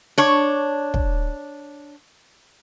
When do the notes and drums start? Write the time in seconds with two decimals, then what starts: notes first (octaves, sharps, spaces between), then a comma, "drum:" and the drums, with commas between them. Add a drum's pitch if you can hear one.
0.18 D4 C#5
0.94 drum: kick